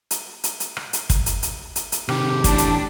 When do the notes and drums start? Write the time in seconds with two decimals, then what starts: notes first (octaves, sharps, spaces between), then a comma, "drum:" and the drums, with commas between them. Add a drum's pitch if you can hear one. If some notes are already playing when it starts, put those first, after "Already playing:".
0.11 drum: hi-hat
0.44 drum: hi-hat
0.60 drum: hi-hat
0.77 drum: rim click
0.93 drum: hi-hat
1.10 drum: kick, hi-hat
1.26 drum: hi-hat
1.43 drum: hi-hat
1.76 drum: hi-hat
1.92 drum: hi-hat
2.09 C3 D#3 G4, drum: rim click
2.44 A2 E3 D4, drum: kick, hi-hat
2.58 drum: hi-hat